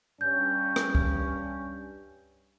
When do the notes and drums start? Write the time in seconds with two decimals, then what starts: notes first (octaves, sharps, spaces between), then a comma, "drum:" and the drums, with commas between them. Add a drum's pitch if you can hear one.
0.21 G2 C#4 G6
0.76 drum: rim click
0.95 drum: kick C2